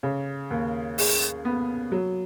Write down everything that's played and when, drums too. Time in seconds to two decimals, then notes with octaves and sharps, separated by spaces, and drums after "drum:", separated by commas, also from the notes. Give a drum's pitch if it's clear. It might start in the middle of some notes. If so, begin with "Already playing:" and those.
0.03 C#3
0.51 D#2
0.98 G#4, drum: open hi-hat
1.45 B3
1.92 F#3